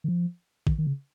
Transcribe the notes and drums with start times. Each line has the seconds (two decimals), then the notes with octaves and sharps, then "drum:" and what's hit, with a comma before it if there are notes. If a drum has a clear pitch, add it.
0.04 D#3
0.08 F3
0.67 D#3, drum: kick A1
0.78 D#3
0.87 C#3